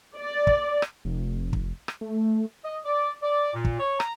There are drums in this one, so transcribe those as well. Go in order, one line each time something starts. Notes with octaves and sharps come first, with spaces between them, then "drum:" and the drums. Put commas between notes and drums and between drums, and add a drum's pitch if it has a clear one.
D5
drum: kick
drum: rim click
F1
drum: kick
drum: rim click
A3
D#5
D5
D5
A#2
drum: kick
C#5
A#5, drum: rim click